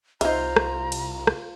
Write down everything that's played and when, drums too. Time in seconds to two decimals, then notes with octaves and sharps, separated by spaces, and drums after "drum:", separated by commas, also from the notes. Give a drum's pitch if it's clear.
0.21 C2 D#4 F4 C5 E5 A#5, drum: cymbal
0.56 drum: rim click
0.92 drum: cymbal
1.27 drum: rim click